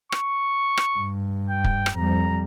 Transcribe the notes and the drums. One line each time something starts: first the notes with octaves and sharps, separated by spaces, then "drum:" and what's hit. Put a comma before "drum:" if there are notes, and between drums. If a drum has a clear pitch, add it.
C#6, drum: rim click
drum: rim click
G2
G5
drum: kick
drum: rim click
F2 G3 A#5